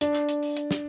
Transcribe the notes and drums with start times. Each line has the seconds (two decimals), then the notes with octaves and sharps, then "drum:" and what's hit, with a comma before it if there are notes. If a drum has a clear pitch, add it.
0.01 D4, drum: hi-hat
0.15 drum: hi-hat
0.29 drum: hi-hat
0.43 drum: open hi-hat
0.57 drum: hi-hat
0.71 drum: snare